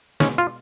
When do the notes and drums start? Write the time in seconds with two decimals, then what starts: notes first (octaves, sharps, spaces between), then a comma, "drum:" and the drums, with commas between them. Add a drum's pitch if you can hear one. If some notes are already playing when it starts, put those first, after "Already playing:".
0.20 B2 G#3 C#4, drum: snare
0.38 F4, drum: hi-hat